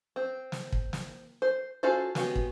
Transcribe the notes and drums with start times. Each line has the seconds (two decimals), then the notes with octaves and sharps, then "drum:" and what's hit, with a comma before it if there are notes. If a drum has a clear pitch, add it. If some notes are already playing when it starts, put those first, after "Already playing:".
0.16 C4
0.52 drum: snare
0.72 drum: kick
0.93 drum: snare
1.42 C5
1.83 C#4 F4 F#4 A4 C5
2.15 G#3 B3 C#4 F#4 G4, drum: snare
2.35 drum: kick